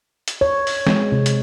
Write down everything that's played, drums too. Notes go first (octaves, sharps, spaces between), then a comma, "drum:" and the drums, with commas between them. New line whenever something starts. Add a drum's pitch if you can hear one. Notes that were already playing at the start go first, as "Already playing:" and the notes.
drum: hi-hat
C#5
drum: open hi-hat
G#3, drum: snare
C3
drum: hi-hat